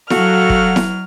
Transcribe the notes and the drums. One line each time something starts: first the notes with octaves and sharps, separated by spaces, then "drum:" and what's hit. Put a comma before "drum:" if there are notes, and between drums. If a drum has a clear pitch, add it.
F#3 F#4 A4 F5 F6, drum: snare E4
drum: kick
drum: snare E4